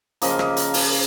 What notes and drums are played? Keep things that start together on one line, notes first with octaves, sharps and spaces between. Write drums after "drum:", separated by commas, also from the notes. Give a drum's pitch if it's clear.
C#3 F3 A#3 D#5, drum: hi-hat
F5
D#5, drum: rim click
drum: hi-hat
drum: open hi-hat